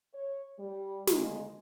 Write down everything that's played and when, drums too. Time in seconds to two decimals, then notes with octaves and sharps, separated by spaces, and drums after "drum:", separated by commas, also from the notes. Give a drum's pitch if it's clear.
0.13 C#5
0.58 G3
1.07 F2 D3 D#3 G#3, drum: snare